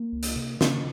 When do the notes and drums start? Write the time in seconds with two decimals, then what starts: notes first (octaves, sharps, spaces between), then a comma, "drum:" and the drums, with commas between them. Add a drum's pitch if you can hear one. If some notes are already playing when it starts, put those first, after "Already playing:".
Already playing: A#3
0.12 C#2
0.23 drum: hi-hat
0.36 C3
0.61 C#3 A#3, drum: snare